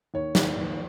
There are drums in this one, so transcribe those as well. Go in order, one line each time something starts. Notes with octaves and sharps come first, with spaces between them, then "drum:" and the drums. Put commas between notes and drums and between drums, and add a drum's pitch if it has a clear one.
D#2 C#5
D#2, drum: snare
D#2